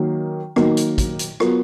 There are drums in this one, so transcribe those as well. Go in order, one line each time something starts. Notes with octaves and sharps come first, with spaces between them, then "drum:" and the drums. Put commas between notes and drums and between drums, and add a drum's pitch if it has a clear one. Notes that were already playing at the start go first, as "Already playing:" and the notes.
Already playing: D#3 F#3 A#3 D#4
D#3 F#3 A#3 D#4, drum: rim click
drum: hi-hat
drum: kick, hi-hat
drum: hi-hat
F#3 B3 F4 A#4, drum: rim click